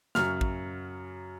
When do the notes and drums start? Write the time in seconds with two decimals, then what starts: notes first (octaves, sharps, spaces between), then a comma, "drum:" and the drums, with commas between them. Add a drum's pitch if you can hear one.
0.15 F#2 C#3 F#3 F6, drum: snare
0.41 drum: kick A1